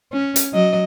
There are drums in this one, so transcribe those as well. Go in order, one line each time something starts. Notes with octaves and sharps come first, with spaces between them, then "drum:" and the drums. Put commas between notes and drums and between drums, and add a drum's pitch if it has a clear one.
C#4
drum: hi-hat
F#3 D#5